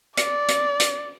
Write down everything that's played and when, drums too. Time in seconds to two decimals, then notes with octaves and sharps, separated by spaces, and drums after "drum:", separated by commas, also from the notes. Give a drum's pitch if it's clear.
0.17 D5, drum: hi-hat
0.48 drum: hi-hat
0.80 drum: hi-hat